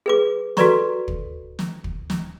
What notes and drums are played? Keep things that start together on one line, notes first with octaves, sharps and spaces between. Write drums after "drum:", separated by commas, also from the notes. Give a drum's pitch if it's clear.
G#4 B4 D6
F#4 A4 B4 D5 A#5 C#6, drum: snare
drum: kick
drum: snare
drum: kick
drum: snare